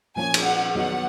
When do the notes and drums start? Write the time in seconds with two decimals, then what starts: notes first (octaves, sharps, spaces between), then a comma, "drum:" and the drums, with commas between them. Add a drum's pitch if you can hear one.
0.16 A#2 F3 A#3 C#4 G#5
0.34 drum: cymbal
0.45 F#5
0.74 D#3 F#3 B3 D#4 F#5